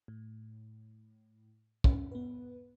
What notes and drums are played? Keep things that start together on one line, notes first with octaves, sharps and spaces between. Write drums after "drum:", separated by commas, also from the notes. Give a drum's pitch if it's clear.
A2
C#4, drum: kick
B3 B4